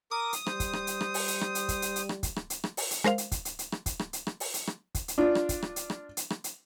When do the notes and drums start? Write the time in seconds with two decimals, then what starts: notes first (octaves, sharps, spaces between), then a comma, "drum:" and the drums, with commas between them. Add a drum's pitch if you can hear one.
0.11 A#4 D6 D#6
0.33 drum: hi-hat
0.46 G3 C5, drum: rim click
0.60 drum: kick, hi-hat
0.73 drum: rim click
0.87 drum: hi-hat
1.01 drum: rim click
1.14 drum: open hi-hat
1.28 drum: hi-hat
1.41 drum: rim click
1.55 drum: hi-hat
1.68 drum: kick, hi-hat
1.82 drum: hi-hat
1.96 drum: hi-hat
2.09 drum: rim click
2.23 drum: kick, hi-hat
2.36 drum: rim click
2.50 drum: hi-hat
2.64 drum: rim click
2.77 drum: open hi-hat
2.91 drum: hi-hat
3.04 G#3 A#4 C5 F5, drum: rim click
3.18 drum: hi-hat
3.32 drum: kick, hi-hat
3.45 drum: hi-hat
3.59 drum: hi-hat
3.72 drum: rim click
3.86 drum: kick, hi-hat
3.99 drum: rim click
4.13 drum: hi-hat
4.27 drum: rim click
4.40 drum: open hi-hat
4.54 drum: hi-hat
4.67 drum: rim click
4.95 drum: kick, hi-hat
5.08 drum: hi-hat
5.18 D4 F4
5.35 drum: rim click
5.49 drum: kick, hi-hat
5.62 drum: rim click
5.76 drum: hi-hat
5.90 drum: rim click
6.17 drum: hi-hat
6.30 drum: rim click
6.44 drum: hi-hat